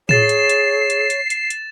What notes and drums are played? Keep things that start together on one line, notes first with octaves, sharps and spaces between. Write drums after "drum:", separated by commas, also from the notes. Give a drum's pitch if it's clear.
G#4 C#5 A6 C7 E7, drum: tom A2
drum: hi-hat
drum: hi-hat
drum: hi-hat
drum: hi-hat
drum: hi-hat
drum: hi-hat